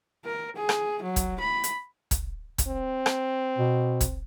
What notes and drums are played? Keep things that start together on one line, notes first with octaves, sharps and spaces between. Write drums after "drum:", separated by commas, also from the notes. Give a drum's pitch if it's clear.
A#4
G#4
drum: rim click
F#3
drum: kick, hi-hat
B5
drum: hi-hat
drum: kick, hi-hat
drum: kick, hi-hat
C4
drum: rim click
B2
drum: kick, hi-hat